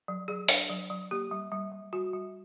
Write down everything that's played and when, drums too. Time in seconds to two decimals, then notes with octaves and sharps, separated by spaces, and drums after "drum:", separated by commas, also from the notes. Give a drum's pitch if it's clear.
0.08 F#3
0.28 F#3 G#4
0.48 D4, drum: open hi-hat
0.70 F#3
0.90 F#3
1.11 A#3 G4
1.31 G3
1.52 G3
1.72 G3
1.93 G3 F#4
2.13 G3